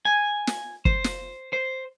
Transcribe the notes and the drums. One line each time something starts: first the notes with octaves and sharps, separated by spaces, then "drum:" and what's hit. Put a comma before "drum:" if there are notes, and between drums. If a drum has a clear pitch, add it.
G#5
drum: snare
C5, drum: kick
drum: snare
C5